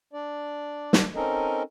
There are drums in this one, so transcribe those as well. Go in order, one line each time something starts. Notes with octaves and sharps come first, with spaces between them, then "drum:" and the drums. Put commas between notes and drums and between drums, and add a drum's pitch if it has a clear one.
D4 D5
drum: snare
C4 C#4 D#4 A4 A#4 D#5